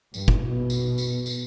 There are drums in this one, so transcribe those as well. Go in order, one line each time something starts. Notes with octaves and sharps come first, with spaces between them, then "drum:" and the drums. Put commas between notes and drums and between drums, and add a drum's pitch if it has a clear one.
G2, drum: tambourine
drum: kick
B2
drum: tambourine
drum: tambourine
drum: tambourine